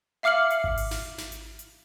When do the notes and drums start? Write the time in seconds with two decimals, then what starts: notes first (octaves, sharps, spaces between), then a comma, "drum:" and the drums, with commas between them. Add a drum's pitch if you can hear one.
0.23 E5 F5 D6 F6 C#7 F#7
0.50 drum: hi-hat
0.64 drum: kick G#1
0.77 drum: open hi-hat
0.91 drum: snare
1.18 drum: snare
1.32 drum: hi-hat
1.59 drum: hi-hat